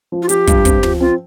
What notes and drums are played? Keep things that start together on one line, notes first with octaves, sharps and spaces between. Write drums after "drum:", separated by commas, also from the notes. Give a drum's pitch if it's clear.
F3
F4
F3 G4, drum: hi-hat
G2, drum: kick, hi-hat
C4, drum: kick, hi-hat
F3, drum: tom
C4 F4